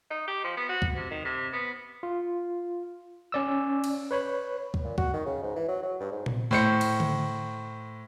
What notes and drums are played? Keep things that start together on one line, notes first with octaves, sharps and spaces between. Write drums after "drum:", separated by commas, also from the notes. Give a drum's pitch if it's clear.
D#4
G4
F3
B3
F#4
drum: kick C#2
C3
D#3
C3
B3
F4
C#4 D5 E6
drum: cymbal
B4 C#5 B5
drum: kick C#2
A#2
F#4, drum: kick C#2
D#3
C#3
G#2
E3
F#3
F#3
G2
G#2
drum: tom A#2
A2 C5 C#7
drum: cymbal
drum: tom D3